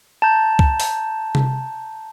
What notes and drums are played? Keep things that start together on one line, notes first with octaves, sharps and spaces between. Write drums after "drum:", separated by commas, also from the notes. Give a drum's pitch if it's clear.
A5 A#5 G6
drum: kick
drum: open hi-hat
drum: tom C3